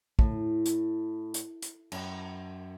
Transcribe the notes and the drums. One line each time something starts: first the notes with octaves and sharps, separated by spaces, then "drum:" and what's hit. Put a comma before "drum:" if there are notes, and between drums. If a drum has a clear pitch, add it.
A2, drum: kick
drum: hi-hat
drum: hi-hat
drum: hi-hat
F#2, drum: cymbal